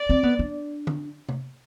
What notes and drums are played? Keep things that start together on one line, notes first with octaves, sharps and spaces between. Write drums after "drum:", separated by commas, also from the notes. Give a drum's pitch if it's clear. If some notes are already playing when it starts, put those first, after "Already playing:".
Already playing: D5
C4
B3
D4
drum: tom
drum: tom